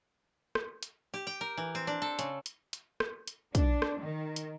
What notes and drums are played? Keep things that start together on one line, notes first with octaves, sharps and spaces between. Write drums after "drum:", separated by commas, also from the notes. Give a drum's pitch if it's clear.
drum: rim click
drum: hi-hat
G4
G5
A#4
E3
C4
D4
A4
C#3, drum: hi-hat
drum: hi-hat
drum: hi-hat
drum: rim click
drum: hi-hat
D4, drum: kick, hi-hat
drum: rim click
D#3
drum: hi-hat